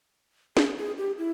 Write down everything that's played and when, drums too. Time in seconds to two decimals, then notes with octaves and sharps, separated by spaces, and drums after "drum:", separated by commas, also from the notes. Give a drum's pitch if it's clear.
0.57 G#4, drum: snare
0.78 G#4
0.98 G4
1.18 E4